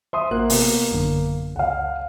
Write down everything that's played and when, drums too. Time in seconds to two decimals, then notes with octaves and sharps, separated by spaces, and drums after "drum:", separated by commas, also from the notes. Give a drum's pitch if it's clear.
0.13 C5 E5 C6 D#6
0.31 A1 A#3 F#5 F#6
0.50 C3 B3, drum: open hi-hat
0.91 A1 F#2 D3
1.56 C#2 F5 F#5